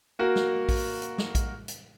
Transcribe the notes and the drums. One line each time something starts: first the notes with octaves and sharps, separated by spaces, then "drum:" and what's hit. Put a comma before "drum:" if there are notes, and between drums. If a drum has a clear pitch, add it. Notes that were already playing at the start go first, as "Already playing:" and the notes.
A#3 F#4 A#4
drum: snare
drum: kick A#1, open hi-hat
drum: hi-hat
drum: snare
drum: kick A#1, hi-hat
drum: hi-hat